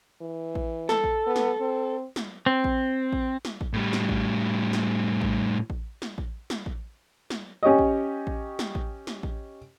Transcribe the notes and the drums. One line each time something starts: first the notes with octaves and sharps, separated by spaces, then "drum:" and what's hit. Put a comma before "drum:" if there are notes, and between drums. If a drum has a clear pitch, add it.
E3
drum: kick A1
A4, drum: snare
drum: kick A1
B3
drum: snare
C4
drum: snare
C4
drum: kick A1
drum: kick A1
drum: snare
drum: kick A1
A2 G3
drum: snare
drum: kick A1
drum: snare
drum: kick A1
drum: kick A1
drum: snare
drum: kick A1
drum: snare
drum: kick A1
drum: snare
C#4 G4 C#5 D#5
drum: kick A1
drum: kick A1
drum: snare
drum: kick A1
drum: snare
drum: kick A1